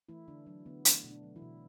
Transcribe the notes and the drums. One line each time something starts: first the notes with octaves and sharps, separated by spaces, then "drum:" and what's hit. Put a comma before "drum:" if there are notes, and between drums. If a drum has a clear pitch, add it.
E3 A3 E4
D3 D4
F#3 D4
D3 B3
A3 D4, drum: hi-hat
B2
D4
F#3
E3 E4
B2